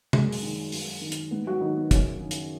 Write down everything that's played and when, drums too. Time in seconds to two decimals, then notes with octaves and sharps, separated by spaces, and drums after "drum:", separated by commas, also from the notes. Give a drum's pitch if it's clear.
0.13 F#2 G#3, drum: tom C3
0.32 drum: open hi-hat
0.42 D#3
0.72 F#2, drum: open hi-hat
1.01 D#3
1.12 drum: hi-hat
1.31 G#2 B3
1.47 F#3 F#4
1.61 D#3 D#4
1.76 B3
1.91 F#2 C#3 C#4, drum: kick, hi-hat
2.21 D#3
2.31 drum: hi-hat